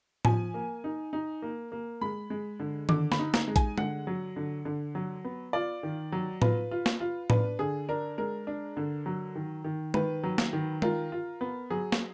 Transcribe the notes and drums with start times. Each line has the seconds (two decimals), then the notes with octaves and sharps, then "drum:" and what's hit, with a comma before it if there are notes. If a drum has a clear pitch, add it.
0.25 F3 G#5, drum: tom A2
0.54 A#3
0.84 D#4
1.13 D#4
1.42 A#3
1.72 A#3
2.01 G#3 B5
2.30 G#3
2.60 D3
2.89 D3 D6, drum: tom D#3
3.12 B5, drum: snare
3.19 D#4
3.34 A#5, drum: snare
3.48 G#3
3.56 G#5, drum: kick A1, hi-hat
3.78 D3 F#5, drum: tom G#3
4.07 F#3
4.36 D3
4.65 D3
4.95 F#3
5.24 B3
5.53 F4 D5
5.83 D#3
6.12 F#3
6.42 F4 B4, drum: tom A2
6.71 F4
6.86 drum: snare
7.00 F4
7.30 D4 B4, drum: tom A2
7.59 D3 G#4
7.89 D4 A#4
8.18 G#3 A#4
8.47 D4
8.77 D3
9.06 F#3
9.35 D#3
9.64 D#3
9.94 D#3 B4, drum: tom G#3
10.23 F#3
10.38 drum: snare
10.53 D#3
10.82 F4 A#4, drum: tom G#3
11.12 F4
11.41 B3
11.70 F#3 G#4
11.92 drum: snare